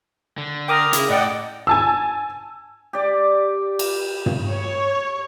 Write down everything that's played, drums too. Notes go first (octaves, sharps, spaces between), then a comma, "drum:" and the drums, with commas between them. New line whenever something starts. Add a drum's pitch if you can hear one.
D3
A#4 G5 D6 D#6
C#3 E4, drum: hi-hat
A2 D5 D#5 F#5 G5
G#5 A5 E6
G4 D5
drum: cymbal
drum: tom
C#5